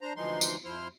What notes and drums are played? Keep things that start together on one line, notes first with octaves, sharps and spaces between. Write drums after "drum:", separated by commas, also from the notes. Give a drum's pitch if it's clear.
D4 C5 A#5
D2 E3 F3 G#3 D#4 C6
drum: tambourine
F2 F3 E4 C5 C6 F6